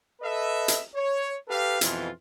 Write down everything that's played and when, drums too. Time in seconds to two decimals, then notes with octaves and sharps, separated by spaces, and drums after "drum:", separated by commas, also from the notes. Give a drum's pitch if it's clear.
0.21 A4 B4 D#5 E5
0.68 drum: hi-hat
0.94 C#5
1.48 G4 A4 B4 F5
1.81 F2 B2 E3 F4, drum: hi-hat